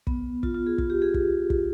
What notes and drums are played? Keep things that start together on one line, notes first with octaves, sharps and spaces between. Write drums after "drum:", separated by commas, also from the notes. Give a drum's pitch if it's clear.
B3, drum: kick
F4, drum: kick
F4
G#4
F4, drum: kick
G4
G#4
drum: kick
drum: kick